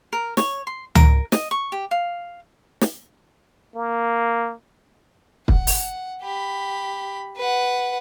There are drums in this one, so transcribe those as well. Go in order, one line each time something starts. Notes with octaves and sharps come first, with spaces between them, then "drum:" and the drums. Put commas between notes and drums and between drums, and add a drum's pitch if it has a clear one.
A#4
C#5, drum: snare
C6
A#4, drum: tom C#2
D#5, drum: snare
C#6
G4
F5
drum: snare
A#3
F#5, drum: kick
drum: open hi-hat
G4 B5
B4 F#5